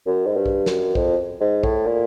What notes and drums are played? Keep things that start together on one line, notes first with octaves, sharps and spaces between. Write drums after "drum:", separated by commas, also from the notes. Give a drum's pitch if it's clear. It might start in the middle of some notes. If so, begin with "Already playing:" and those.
F#2
G#2
G2
drum: kick
F#2, drum: snare
F2, drum: kick
G#2
A2, drum: kick
A#2